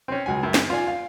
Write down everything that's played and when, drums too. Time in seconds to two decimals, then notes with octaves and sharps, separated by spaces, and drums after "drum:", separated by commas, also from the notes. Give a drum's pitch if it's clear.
0.08 C4 C#4
0.26 C#2 F#3 G#5
0.43 F#2
0.54 drum: snare
0.70 F4 D5 G#5
0.88 F5